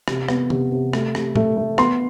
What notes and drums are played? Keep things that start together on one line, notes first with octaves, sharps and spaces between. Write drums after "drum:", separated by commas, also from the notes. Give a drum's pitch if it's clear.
C3, drum: rim click
B3, drum: rim click
C3, drum: tom
C3
A3, drum: rim click
C3, drum: rim click
A3, drum: tom
A3
B3 C6, drum: rim click